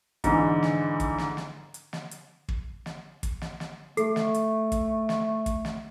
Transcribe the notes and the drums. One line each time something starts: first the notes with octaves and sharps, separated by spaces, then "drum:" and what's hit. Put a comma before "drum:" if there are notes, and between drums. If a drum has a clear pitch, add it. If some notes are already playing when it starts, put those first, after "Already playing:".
G#2 D3 E3, drum: kick, hi-hat
drum: snare
drum: kick, hi-hat
drum: snare
drum: snare
drum: hi-hat
drum: snare
drum: hi-hat
drum: kick
drum: snare
drum: kick, hi-hat
drum: snare
drum: snare
A3 A4 C7, drum: hi-hat
drum: snare
drum: hi-hat
drum: kick, hi-hat
drum: snare
drum: kick, hi-hat
drum: snare